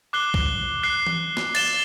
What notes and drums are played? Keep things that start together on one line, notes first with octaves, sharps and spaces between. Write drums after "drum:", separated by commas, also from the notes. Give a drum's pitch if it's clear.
D6 F#6 C7 G7
drum: kick
F#6 C7 G7
drum: tom E3
drum: snare
A6 E7 G7, drum: cymbal